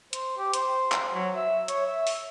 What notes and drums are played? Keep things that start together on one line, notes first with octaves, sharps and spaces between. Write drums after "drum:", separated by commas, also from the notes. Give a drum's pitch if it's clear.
C5, drum: hi-hat
G4
C5, drum: hi-hat
drum: clap
F#3
E5
C#5, drum: hi-hat
E5
drum: open hi-hat